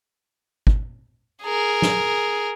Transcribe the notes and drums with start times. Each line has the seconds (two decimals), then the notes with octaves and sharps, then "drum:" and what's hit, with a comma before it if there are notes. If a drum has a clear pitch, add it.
0.67 drum: kick
1.43 G#4 A#4
1.82 drum: snare